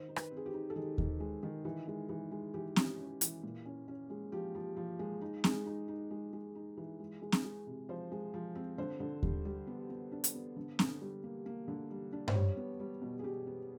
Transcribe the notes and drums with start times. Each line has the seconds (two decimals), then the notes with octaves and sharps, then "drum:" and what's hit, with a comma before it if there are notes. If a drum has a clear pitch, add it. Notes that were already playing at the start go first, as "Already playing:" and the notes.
Already playing: D#3 C5
0.09 D#4
0.16 B4, drum: rim click
0.31 C4
0.37 G#4
0.46 G4
0.53 D#4
0.70 A4
0.76 D#3 G#4
0.98 D#3, drum: kick D#2
1.20 G#3
1.43 D#3
1.65 E3
1.87 G#3
2.09 E3
2.31 G#3
2.54 E3 G4
2.76 C#4, drum: snare C4
2.99 C#4
3.21 E3, drum: hi-hat
3.43 A#2
3.65 C#4
3.88 C#4
4.10 G#3
4.32 F3 G4
4.55 F3
4.77 F3
4.99 G#3
5.21 D#4
5.44 G#3, drum: snare C4
5.66 D#4
5.88 D#4
6.11 G#3
6.33 G#3
6.55 D#4
6.77 E3
7.00 G#3
7.22 G#3
7.32 drum: snare C4
7.44 G#3
7.67 C3
7.89 F3 C5
8.12 G#3
8.34 F3
8.55 C4
8.78 D3 C5
9.00 D3
9.23 G3, drum: kick D#2
9.45 G3
9.67 B3
9.90 B3
10.12 D4
10.24 drum: hi-hat
10.34 B3
10.56 D3
10.79 D3, drum: snare C4
11.01 G3
11.24 A#3
11.46 A#3
11.68 D3
11.90 G3
12.13 D4
12.28 C5, drum: tom G2
12.35 G3 C#5
12.57 B3
12.80 G3
13.02 B2
13.19 G#4
13.23 B2 G4
13.47 B3